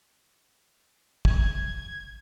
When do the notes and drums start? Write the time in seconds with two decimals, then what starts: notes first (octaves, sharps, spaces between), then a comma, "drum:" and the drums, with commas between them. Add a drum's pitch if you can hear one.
1.25 G#6, drum: kick